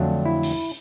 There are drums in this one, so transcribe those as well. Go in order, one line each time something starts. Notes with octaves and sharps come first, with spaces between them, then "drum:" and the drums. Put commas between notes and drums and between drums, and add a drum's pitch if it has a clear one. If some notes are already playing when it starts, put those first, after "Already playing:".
Already playing: F2 D3 F#3 A3 D4
E4
drum: open hi-hat